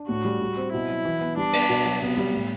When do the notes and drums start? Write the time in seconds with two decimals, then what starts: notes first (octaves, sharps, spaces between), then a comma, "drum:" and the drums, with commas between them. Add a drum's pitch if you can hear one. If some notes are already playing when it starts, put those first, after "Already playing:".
Already playing: D4
0.09 A2 F#4
0.25 G3
0.41 G3
0.57 C4
0.73 B2 E4
0.89 F#3
1.05 E3
1.21 B3
1.37 G3 D4
1.53 B3, drum: cymbal
1.69 B2
1.85 F#3
2.02 C3 B3
2.18 G3
2.34 A2